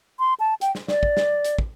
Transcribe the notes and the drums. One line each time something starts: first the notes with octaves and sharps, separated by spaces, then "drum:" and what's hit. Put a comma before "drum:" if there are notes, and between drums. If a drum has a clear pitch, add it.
C6
A5
G5, drum: hi-hat
drum: snare
D5, drum: snare
drum: kick
drum: snare
drum: hi-hat
drum: kick